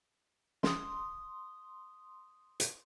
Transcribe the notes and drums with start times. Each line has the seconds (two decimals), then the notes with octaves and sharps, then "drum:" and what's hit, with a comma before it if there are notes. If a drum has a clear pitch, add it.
0.63 C6 D#6, drum: snare
2.60 drum: hi-hat